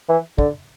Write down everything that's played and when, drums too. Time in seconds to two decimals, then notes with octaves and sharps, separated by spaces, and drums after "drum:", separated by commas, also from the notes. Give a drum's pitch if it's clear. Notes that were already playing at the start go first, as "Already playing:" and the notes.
0.09 E3
0.38 D3, drum: kick